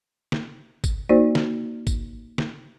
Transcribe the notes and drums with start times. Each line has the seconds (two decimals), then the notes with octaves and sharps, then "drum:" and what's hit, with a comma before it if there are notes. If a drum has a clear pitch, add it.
0.32 drum: snare
0.84 drum: kick, tambourine
1.09 A#3 D#4 F#4 C5 D5
1.35 drum: snare
1.87 drum: kick, tambourine
2.38 drum: snare